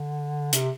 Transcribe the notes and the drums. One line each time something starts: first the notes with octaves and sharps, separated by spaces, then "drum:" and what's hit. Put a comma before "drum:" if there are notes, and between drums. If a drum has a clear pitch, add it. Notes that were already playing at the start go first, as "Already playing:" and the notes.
Already playing: D3
C3, drum: hi-hat